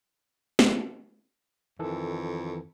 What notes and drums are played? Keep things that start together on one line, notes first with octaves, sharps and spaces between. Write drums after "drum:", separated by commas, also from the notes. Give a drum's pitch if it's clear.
drum: snare
F2 D#3 E3 A4